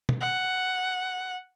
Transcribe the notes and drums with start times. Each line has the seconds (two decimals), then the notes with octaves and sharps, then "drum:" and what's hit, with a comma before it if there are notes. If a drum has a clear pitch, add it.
0.09 drum: tom
0.21 F#5